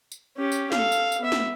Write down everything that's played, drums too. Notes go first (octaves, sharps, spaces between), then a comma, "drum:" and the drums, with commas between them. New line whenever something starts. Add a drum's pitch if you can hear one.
drum: tambourine
C#4 G4
drum: tambourine
A4 F5, drum: snare
drum: tambourine
drum: tambourine
B3 E5
drum: snare